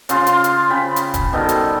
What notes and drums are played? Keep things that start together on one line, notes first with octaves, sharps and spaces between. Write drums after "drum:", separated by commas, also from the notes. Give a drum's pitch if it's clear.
C#3 F4 C6, drum: hi-hat
drum: hi-hat
drum: hi-hat
C#3 G5 B5
drum: hi-hat
drum: kick, hi-hat
B2 D#3 G3 A4
drum: hi-hat